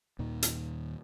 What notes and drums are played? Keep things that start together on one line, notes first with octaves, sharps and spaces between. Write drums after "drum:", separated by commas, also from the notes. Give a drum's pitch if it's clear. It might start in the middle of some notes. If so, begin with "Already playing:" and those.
D#2 A#2 D#3
drum: hi-hat